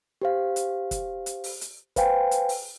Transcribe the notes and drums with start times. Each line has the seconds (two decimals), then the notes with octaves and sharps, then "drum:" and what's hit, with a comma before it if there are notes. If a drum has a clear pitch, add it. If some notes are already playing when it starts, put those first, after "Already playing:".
0.22 G4 C5 F5
0.56 drum: hi-hat
0.91 drum: kick, hi-hat
1.26 drum: hi-hat
1.44 drum: open hi-hat
1.61 drum: hi-hat
1.96 B4 C5 F5 G5 G#5, drum: kick, hi-hat
2.31 drum: hi-hat
2.49 drum: open hi-hat